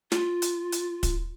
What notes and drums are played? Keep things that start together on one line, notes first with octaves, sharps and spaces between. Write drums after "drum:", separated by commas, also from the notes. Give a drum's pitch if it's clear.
F4, drum: snare
drum: hi-hat
drum: hi-hat
drum: kick, hi-hat